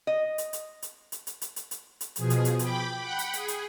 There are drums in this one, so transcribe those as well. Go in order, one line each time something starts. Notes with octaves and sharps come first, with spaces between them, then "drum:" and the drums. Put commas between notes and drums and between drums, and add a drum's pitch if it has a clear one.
D#5
drum: hi-hat
drum: hi-hat
drum: hi-hat
drum: hi-hat
drum: hi-hat
drum: hi-hat
drum: hi-hat
drum: hi-hat
drum: hi-hat
B2 F3 G#4, drum: hi-hat
drum: hi-hat
drum: hi-hat
G5 B5 D6, drum: hi-hat
F#5 G5 B5
drum: hi-hat
G#4, drum: hi-hat
drum: hi-hat